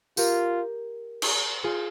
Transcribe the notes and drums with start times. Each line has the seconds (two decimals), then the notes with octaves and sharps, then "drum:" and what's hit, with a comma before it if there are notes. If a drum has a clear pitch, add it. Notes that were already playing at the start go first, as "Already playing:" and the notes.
0.17 F4 G4 A#4, drum: tambourine
1.22 drum: cymbal
1.64 F4 G#4